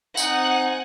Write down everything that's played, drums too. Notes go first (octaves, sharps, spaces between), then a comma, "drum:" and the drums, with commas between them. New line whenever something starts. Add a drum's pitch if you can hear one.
C4 D#4 F#5 G#5, drum: tambourine